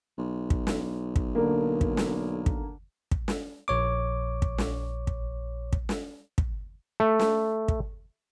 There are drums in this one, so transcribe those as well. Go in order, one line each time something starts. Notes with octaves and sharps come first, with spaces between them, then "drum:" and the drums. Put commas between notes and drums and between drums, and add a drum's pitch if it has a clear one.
B1
drum: kick
drum: snare
drum: kick
D3 A#3
drum: kick
drum: snare
drum: kick
drum: kick
drum: snare
A#1 C#5 D6
drum: kick
drum: snare
drum: kick
drum: kick
drum: snare
drum: kick
A3
drum: snare
drum: kick